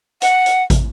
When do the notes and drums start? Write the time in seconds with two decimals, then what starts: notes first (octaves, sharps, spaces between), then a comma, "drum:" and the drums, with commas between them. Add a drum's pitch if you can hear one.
0.22 F#5, drum: hi-hat
0.46 drum: hi-hat
0.70 drum: kick, hi-hat